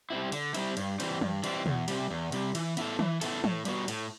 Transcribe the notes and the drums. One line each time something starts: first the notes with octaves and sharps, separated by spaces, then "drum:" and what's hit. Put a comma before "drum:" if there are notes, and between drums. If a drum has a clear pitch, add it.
G3 C4 E4
D3, drum: cymbal
G3 C4 E4, drum: cymbal
G2, drum: cymbal
E3 G3 C4, drum: cymbal
G2, drum: tom
E3 G3 C4, drum: cymbal
E2, drum: tom
C3 G3, drum: cymbal
E2
C3 G3, drum: cymbal
E3, drum: cymbal
B3 E4 A4, drum: cymbal
E3, drum: tom
B3 E4 A4, drum: cymbal
A2, drum: tom
G3 B3 F#4, drum: cymbal
A2, drum: cymbal